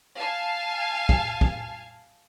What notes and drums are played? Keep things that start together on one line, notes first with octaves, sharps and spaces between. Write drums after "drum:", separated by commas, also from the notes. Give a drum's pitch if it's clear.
F5 G#5 A5
drum: kick
drum: kick